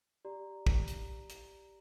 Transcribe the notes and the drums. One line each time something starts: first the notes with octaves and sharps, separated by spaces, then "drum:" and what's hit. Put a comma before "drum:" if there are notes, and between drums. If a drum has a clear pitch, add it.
G4 D5 A#5
drum: kick
drum: hi-hat
drum: hi-hat